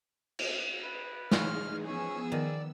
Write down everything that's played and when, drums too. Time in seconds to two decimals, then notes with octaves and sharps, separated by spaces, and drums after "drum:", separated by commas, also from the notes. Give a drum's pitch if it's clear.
0.39 drum: cymbal
0.83 B4
1.31 E3 D#4 F4 G#4 C#5 F6, drum: snare
1.85 F3 B3 C#4 G#4 E6
2.32 D#3 D5